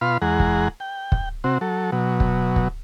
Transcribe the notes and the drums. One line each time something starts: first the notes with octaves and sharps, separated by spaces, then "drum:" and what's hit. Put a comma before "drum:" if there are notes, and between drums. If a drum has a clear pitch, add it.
B2 F4 F5 B5 C6
E2 G#3 G#4 F#5 A#5
drum: kick
G5
drum: kick
C3 C4 F#4
F#3 A4
B2 F#3
drum: kick
drum: kick